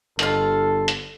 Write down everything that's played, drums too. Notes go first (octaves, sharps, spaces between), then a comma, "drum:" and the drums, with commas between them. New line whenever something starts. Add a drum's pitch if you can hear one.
G1 B2 F4 A4, drum: hi-hat
drum: hi-hat